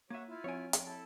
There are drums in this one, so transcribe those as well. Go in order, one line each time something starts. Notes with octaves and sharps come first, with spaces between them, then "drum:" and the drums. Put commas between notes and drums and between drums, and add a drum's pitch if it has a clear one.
A#3 F#4 C#5 E5 G#6 D#7
E4 F4
F3 C4 C#5 G#5 D7
drum: hi-hat
E4 A4 A5